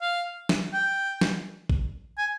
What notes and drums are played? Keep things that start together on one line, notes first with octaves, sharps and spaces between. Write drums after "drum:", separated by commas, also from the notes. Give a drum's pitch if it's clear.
F5
drum: snare
G5
drum: snare
drum: kick
G#5